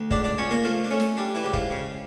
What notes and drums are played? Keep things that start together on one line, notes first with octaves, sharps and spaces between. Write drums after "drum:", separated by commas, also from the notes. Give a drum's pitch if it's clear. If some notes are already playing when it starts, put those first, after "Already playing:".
Already playing: D2
C#2 D4 D5, drum: kick
D4 D5
C#2 C#4 C#5
A#3 A#4
F3 A3 F4
D4
A3 C#4
drum: snare
G3 D4
E3 E4
C#2 G4
F3 F4, drum: kick
C#3